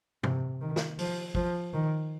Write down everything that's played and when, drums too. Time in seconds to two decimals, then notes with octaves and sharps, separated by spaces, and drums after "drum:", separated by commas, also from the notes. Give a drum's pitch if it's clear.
0.23 C3, drum: tom
0.61 D#3
0.76 drum: snare
0.99 F3, drum: open hi-hat
1.35 F3, drum: kick
1.73 D#3